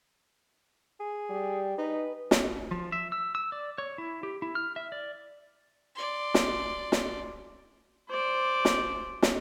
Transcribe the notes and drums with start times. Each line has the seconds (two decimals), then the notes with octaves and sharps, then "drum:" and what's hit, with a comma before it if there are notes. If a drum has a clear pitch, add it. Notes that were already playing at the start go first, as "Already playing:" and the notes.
1.00 G#4
1.30 G3
1.78 D#4 B4
2.31 drum: snare
2.71 F3
2.92 E5
3.12 E6
3.35 E6
3.52 D5
3.78 C#5
3.98 E4
4.23 G4
4.42 E4
4.55 F6
4.76 E5
4.92 D5
5.95 D5 C6
6.34 drum: snare
6.92 drum: snare
8.10 C5 D5
8.65 drum: snare
9.23 drum: snare